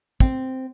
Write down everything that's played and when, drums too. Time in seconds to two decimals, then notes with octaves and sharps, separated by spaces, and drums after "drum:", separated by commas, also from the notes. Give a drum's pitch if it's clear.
0.20 C4, drum: kick